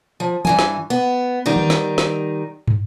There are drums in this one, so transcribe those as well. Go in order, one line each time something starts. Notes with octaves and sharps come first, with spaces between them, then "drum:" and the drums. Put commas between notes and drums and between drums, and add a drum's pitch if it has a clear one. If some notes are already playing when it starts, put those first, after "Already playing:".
F3
G2 E3 G#5, drum: tom E3
drum: snare
B3
D#3 G3 D#4
drum: tom D#3
drum: snare
drum: snare
drum: tom